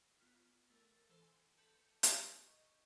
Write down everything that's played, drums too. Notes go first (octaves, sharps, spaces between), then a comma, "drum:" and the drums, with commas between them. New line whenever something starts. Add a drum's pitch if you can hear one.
B3 F4 F6
A3 A#4
E3 A4 C5
G#5 C6
A4 B4 A5 G6 C#7
drum: hi-hat
D#5 C#6 G6